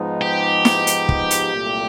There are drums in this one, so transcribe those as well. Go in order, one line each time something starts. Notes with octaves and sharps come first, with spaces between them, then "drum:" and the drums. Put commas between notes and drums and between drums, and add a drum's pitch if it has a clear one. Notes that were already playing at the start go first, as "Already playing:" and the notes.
Already playing: G#2 F3 G#3 B3 D#4
G4
drum: snare
drum: hi-hat
drum: kick
drum: hi-hat
C2 A#2 F#3 A3